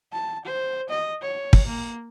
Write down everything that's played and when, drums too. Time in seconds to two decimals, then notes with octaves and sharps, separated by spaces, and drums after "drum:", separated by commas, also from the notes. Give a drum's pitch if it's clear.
0.13 A5
0.45 C5
0.89 D#5
1.22 C#5
1.53 drum: kick
1.67 A#3